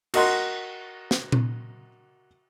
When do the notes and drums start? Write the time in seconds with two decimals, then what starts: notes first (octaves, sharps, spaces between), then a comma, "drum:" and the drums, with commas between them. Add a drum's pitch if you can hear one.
0.14 F#4 A#4 D#5 F#5 C6 F#6, drum: cymbal
1.11 drum: snare
1.32 drum: tom A#2